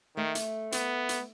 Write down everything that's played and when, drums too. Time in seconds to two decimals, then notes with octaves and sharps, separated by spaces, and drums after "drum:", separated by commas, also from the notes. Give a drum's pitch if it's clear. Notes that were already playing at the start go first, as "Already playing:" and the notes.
0.16 D#3 A3
0.35 drum: hi-hat
0.72 B3, drum: hi-hat
1.09 drum: hi-hat